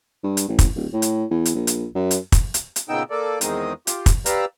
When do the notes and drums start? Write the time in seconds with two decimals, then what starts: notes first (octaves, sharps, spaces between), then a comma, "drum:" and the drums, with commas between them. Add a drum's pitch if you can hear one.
0.23 G2
0.37 drum: hi-hat
0.48 A1
0.59 drum: kick, hi-hat
0.76 D1
0.93 A2
1.02 drum: hi-hat
1.30 E2
1.45 drum: hi-hat
1.55 A#1
1.67 drum: hi-hat
1.95 F#2
2.11 drum: hi-hat
2.32 drum: kick, hi-hat
2.54 drum: hi-hat
2.76 drum: hi-hat
2.89 A#2 C#3 B3 D#4 G5 E6
3.10 A#3 A4 D5
3.41 E2 D#3 G#3 C4 D#4 D#6, drum: hi-hat
3.87 F4 G4, drum: hi-hat
4.06 drum: kick, hi-hat
4.26 G4 B4 D5 F5 A#5 E6, drum: hi-hat